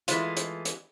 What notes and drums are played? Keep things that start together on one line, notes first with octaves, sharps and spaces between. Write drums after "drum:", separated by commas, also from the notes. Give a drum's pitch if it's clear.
E3 G#3 A3 F4, drum: hi-hat
drum: hi-hat
drum: hi-hat